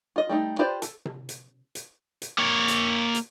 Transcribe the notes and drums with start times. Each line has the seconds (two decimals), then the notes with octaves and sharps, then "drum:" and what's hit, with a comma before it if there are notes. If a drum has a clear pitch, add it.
0.16 F4 D#5
0.29 G3 A3 D#4
0.59 F4 G4 B4 C5 D5
0.82 A4, drum: hi-hat
1.05 drum: tom C3
1.29 drum: hi-hat
1.75 drum: hi-hat
2.22 drum: hi-hat
2.38 A#3 C#5
2.68 drum: hi-hat
3.15 drum: hi-hat